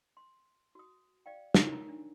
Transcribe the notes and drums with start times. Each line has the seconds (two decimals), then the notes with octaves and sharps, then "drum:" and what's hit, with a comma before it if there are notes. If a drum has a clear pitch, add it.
0.17 C6
0.75 F#4 D#6
1.26 D5 F5 G5
1.55 D#4 A#4 C#5, drum: snare
1.72 A#5
1.89 D4